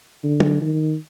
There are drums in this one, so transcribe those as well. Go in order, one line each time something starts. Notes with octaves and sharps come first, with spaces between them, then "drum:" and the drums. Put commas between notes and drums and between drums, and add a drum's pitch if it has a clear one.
D3
drum: tom
D#3